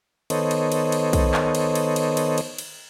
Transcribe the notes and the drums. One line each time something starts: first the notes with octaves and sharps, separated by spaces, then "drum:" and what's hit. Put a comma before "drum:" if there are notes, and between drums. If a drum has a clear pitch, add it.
D#3 B3 A4 C5 C#5 D#5, drum: cymbal
drum: cymbal
drum: cymbal
drum: cymbal
drum: kick, cymbal
drum: clap
drum: cymbal
drum: cymbal
drum: cymbal
drum: cymbal
drum: cymbal
drum: cymbal